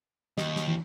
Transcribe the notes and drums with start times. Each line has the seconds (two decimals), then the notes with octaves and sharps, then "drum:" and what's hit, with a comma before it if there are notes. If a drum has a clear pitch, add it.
0.38 D#2 D#5, drum: snare
0.56 drum: snare
0.68 E3